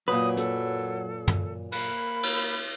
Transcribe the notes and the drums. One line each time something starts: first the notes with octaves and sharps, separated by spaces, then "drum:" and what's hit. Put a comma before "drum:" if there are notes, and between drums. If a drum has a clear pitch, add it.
F#2 A#2 F#3 B4 D#6
A4, drum: hi-hat
drum: tom
A#3 B5, drum: cymbal
drum: cymbal